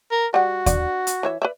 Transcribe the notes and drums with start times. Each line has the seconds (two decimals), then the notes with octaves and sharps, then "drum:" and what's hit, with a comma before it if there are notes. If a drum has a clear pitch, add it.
0.12 A#4
0.34 G3 F#4 F#5
0.66 D4 F#5, drum: kick D#2, hi-hat
1.07 drum: hi-hat
1.23 E3 C#5 E5
1.42 B4 D5 E5